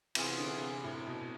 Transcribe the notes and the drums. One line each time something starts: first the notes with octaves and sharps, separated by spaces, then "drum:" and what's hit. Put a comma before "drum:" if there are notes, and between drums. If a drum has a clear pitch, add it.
C3 E3 B3 F4 G#4, drum: cymbal
D3
C3
A2
B2